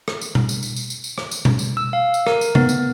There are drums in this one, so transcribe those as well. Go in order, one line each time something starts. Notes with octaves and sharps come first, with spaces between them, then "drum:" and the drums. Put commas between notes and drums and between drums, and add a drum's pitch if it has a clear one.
drum: rim click
drum: tambourine
drum: tom B2
drum: tambourine
drum: tambourine
drum: tambourine
drum: tambourine
drum: tambourine
drum: rim click
drum: tambourine
drum: tom B2
drum: tambourine
E6
F5
drum: tambourine
A#4, drum: rim click
drum: tambourine
B3, drum: tom C3
drum: tambourine